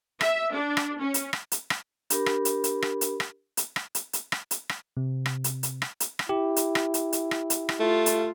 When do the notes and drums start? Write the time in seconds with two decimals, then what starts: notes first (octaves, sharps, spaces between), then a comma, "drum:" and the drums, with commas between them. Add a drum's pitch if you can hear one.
0.21 E5, drum: rim click
0.53 D4
0.77 drum: rim click
1.00 C#4
1.14 drum: hi-hat
1.33 drum: rim click
1.52 drum: hi-hat
1.70 drum: rim click
2.10 D4 G4 A#4 B5, drum: hi-hat
2.26 drum: rim click
2.45 drum: hi-hat
2.64 drum: hi-hat
2.82 drum: rim click
3.01 drum: hi-hat
3.20 drum: rim click
3.57 drum: hi-hat
3.76 drum: rim click
3.95 drum: hi-hat
4.13 drum: hi-hat
4.32 drum: rim click
4.51 drum: hi-hat
4.69 drum: rim click
4.97 C3
5.26 drum: rim click
5.44 drum: hi-hat
5.63 drum: hi-hat
5.82 drum: rim click
6.00 drum: hi-hat
6.19 drum: rim click
6.29 E4 G4
6.56 drum: hi-hat
6.75 drum: rim click
6.94 drum: hi-hat
7.13 drum: hi-hat
7.31 drum: rim click
7.50 drum: hi-hat
7.69 drum: rim click
7.80 A3 F4
8.06 drum: hi-hat